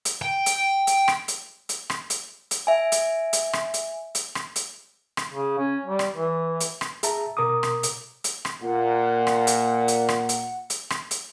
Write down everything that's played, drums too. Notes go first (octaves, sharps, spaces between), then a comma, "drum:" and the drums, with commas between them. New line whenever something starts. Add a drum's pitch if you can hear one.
drum: hi-hat
G5
drum: hi-hat
drum: hi-hat
drum: rim click
drum: hi-hat
drum: hi-hat
drum: rim click
drum: hi-hat
drum: hi-hat
E5 G#5
drum: hi-hat
drum: hi-hat
drum: rim click
drum: hi-hat
drum: hi-hat
drum: rim click
drum: hi-hat
drum: rim click
C#3
C#4
G3
drum: rim click
E3
drum: hi-hat
drum: rim click
G#4 E5 A5 A#5, drum: hi-hat
B2 A#4 A#5 D6 D#6
drum: rim click
drum: hi-hat
drum: hi-hat
drum: rim click
A#2 F#5
drum: rim click
drum: hi-hat
drum: hi-hat
drum: rim click
drum: hi-hat
drum: hi-hat
drum: rim click
drum: hi-hat